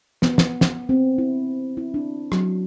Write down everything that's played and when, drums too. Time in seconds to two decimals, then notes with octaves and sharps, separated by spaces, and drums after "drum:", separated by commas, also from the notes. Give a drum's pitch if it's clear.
0.22 B3, drum: snare
0.38 drum: snare
0.61 drum: snare
0.89 C4
1.18 E4
1.77 E4
1.94 D4
2.32 F#3, drum: rim click